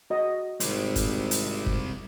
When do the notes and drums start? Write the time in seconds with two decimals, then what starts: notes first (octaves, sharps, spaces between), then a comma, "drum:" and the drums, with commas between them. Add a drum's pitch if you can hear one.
0.10 F#4 D#5
0.60 G#1 G3 C4, drum: hi-hat
0.96 drum: kick, hi-hat
1.31 drum: hi-hat
1.66 drum: kick